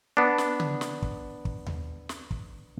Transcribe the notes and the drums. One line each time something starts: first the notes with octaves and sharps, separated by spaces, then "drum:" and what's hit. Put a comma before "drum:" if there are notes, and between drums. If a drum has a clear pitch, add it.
B3 D4
drum: snare
drum: tom C#3
drum: snare
drum: kick
drum: kick
drum: tom D#2
drum: snare
drum: kick